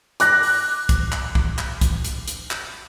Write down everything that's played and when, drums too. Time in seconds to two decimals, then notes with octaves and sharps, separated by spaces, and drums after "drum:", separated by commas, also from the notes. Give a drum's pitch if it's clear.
0.20 D6 F#6 A#6, drum: hi-hat
0.43 drum: open hi-hat
0.89 drum: kick, hi-hat
1.12 drum: clap
1.35 drum: kick
1.58 drum: clap
1.81 drum: kick, hi-hat
2.05 drum: hi-hat
2.28 drum: hi-hat
2.51 drum: clap